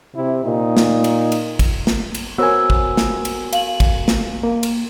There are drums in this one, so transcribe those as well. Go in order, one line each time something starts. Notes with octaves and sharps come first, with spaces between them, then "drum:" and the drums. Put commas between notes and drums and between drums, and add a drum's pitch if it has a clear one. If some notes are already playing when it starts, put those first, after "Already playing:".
C3 E4
A#2 D#4
drum: snare
drum: cymbal
drum: cymbal
drum: kick, cymbal
drum: snare
drum: cymbal
B3 F#4 A#4 C5 C#5 G#5 E6
drum: kick
drum: snare
drum: cymbal
F5 F#7, drum: cymbal
drum: kick, cymbal
drum: snare
A#3
drum: cymbal